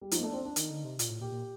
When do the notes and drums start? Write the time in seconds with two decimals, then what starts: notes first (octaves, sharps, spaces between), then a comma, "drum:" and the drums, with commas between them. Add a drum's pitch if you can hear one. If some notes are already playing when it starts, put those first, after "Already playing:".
0.01 G3
0.11 F3 D#4, drum: hi-hat
0.18 A#3
0.23 A3
0.26 D4
0.33 C4
0.45 D4
0.56 D#3 D#4, drum: hi-hat
0.70 D3
0.84 C3
0.99 A#2 F4, drum: hi-hat
1.10 A2
1.21 A#2 G4
1.32 A#2